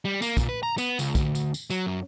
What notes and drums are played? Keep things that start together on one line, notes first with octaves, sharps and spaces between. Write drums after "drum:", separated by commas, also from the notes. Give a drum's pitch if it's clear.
G3
A#3, drum: tambourine
A#2, drum: kick, tambourine
B4
A#5
B3, drum: tambourine
C#2, drum: tambourine
D2, drum: kick, tambourine
drum: tambourine
drum: tambourine
F#3, drum: tambourine
F#2